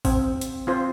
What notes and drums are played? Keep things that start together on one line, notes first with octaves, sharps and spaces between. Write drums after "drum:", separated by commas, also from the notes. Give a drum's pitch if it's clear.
C4, drum: kick G#1, open hi-hat
drum: hi-hat
C4 F4 C5